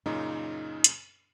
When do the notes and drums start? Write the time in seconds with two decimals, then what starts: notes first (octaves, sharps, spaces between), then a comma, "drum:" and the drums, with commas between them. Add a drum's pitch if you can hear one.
0.06 F#2 A#2 C#3 D#4
0.84 drum: hi-hat